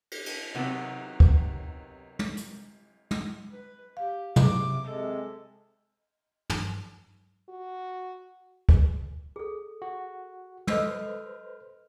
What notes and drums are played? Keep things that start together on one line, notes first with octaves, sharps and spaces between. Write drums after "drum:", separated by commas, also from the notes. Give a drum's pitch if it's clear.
drum: cymbal
drum: cymbal
C3 D#3 F#3 B3
drum: kick
drum: tom
drum: hi-hat
drum: tom
B4
G4 F5
C3 D6, drum: tom
C3 G#3 A4
drum: tom
F#4
drum: kick
G#4 A4
F#4
A4 B4 C5 D#5 E6 F6, drum: tom